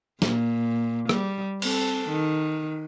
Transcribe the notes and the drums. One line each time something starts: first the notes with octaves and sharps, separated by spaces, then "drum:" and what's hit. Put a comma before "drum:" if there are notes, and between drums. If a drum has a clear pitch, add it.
A#2, drum: snare
G3, drum: rim click
C4 A4, drum: cymbal
D#3